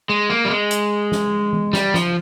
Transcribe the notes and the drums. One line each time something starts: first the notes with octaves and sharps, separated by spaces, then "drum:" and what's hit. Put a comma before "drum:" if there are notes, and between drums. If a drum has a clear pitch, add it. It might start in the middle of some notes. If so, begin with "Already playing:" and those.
G#3
A#3
G3
G#3
drum: hi-hat
drum: snare
drum: tom E3
G3, drum: snare
F3, drum: snare